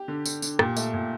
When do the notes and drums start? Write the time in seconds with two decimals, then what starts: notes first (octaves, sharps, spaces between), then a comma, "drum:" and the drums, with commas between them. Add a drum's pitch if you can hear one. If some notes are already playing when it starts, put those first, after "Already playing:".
Already playing: G4
0.08 D3
0.26 D3, drum: tambourine
0.42 D3, drum: tambourine
0.59 A#2 G4, drum: rim click
0.77 A3, drum: tambourine
0.94 A#2